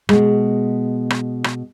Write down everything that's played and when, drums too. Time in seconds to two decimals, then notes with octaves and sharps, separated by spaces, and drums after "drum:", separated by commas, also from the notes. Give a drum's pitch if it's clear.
0.09 B2 G#3, drum: rim click
1.10 drum: rim click
1.44 drum: rim click